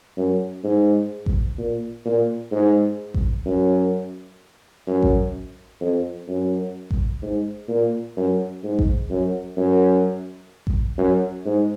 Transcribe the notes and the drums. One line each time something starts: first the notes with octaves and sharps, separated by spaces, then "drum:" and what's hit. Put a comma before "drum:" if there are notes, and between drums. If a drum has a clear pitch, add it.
F#2
G#2
drum: kick A1
A#2
A#2
G#2
drum: kick A1
F#2
F#2
drum: kick A1
F2
F#2
drum: kick A1
G#2
A#2
F#2
G#2
drum: kick A1
F#2
F#2
drum: kick A1
F#2
G#2